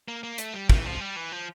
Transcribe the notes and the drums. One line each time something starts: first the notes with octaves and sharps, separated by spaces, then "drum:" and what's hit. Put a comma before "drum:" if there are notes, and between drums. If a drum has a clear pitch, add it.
A#3
A#3
A3, drum: hi-hat
G3
F3, drum: kick
E3
F3
G3
E3
F3